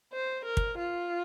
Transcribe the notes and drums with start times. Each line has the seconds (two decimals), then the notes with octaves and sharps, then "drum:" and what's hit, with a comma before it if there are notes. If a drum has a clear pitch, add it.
0.13 C5
0.45 A#4
0.57 drum: kick
0.78 F4